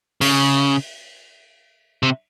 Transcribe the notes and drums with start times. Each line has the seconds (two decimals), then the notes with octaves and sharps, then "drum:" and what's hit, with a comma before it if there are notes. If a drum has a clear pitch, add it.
0.21 C#3, drum: open hi-hat
2.03 C3